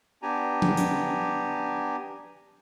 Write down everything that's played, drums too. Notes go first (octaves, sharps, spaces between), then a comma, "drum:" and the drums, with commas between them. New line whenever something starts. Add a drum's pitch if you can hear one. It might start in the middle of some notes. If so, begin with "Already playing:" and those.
B3 D4 G4 G#5 A#5
drum: tom F3
drum: hi-hat